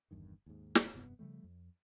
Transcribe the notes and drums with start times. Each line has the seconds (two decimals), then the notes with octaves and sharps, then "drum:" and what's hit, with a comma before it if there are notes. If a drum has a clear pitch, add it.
0.11 G1 E2 G2 D#3
0.46 D#2 G#2
0.75 drum: snare
0.94 F1 G2 C3 B3
1.19 C#3 F3 G3 A3
1.44 F2